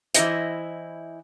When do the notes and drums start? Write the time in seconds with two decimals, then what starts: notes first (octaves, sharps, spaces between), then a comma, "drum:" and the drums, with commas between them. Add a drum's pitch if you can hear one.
0.15 E3 E4 A#4 C5 D#5 E5, drum: hi-hat